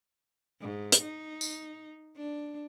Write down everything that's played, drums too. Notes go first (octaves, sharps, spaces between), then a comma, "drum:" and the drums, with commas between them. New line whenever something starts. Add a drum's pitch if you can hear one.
G#2
drum: hi-hat
D#4
drum: tambourine
D4